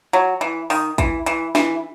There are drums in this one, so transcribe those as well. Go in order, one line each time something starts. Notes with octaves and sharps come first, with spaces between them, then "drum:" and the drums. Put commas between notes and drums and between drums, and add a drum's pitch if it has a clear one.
F#3
E3
D#3, drum: open hi-hat
E3, drum: kick, hi-hat
E3, drum: hi-hat
E3, drum: snare